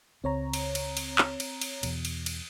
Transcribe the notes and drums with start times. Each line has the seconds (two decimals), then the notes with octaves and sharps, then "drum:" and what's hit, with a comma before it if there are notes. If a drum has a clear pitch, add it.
0.24 C#2 C4 C#5 A#5
0.53 drum: cymbal
0.75 drum: cymbal
0.97 drum: cymbal
1.18 drum: clap
1.40 drum: cymbal
1.61 drum: cymbal
1.83 E2 B2, drum: cymbal
2.05 drum: cymbal
2.26 drum: cymbal